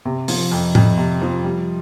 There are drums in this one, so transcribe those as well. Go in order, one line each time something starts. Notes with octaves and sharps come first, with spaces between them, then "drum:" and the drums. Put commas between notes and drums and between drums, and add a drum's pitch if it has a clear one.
C3
F3, drum: open hi-hat
F2
F2, drum: tom
C3
F3
G3